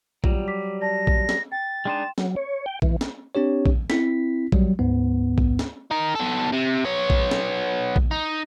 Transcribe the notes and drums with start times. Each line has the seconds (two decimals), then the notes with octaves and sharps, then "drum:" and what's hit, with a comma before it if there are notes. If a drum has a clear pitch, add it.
0.24 F#3 G3 F4, drum: kick
0.47 D6 B6
0.81 D5 A5 A#6
1.07 drum: kick
1.29 drum: snare
1.52 G5 A6
1.85 G#3 D4 D#4 G5 C6 E7
2.18 F#3, drum: snare
2.36 C#5
2.66 G5
2.82 E3, drum: kick
3.01 drum: snare
3.35 C4 D4 G4 C#5
3.66 drum: kick
3.90 C4 E4 B6, drum: snare
4.52 F#3 G3, drum: kick
4.79 D2 G#2 B3
5.38 drum: kick
5.59 drum: snare
5.91 D#4 A#4
6.15 B2 A4
6.53 C3
6.85 B3 C#5
7.10 drum: kick
7.31 drum: snare
7.96 drum: kick
8.11 D#4